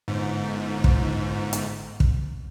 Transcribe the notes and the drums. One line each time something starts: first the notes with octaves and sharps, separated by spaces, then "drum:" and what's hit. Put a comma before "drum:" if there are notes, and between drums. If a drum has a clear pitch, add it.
G1 G#2
drum: kick
drum: hi-hat
drum: kick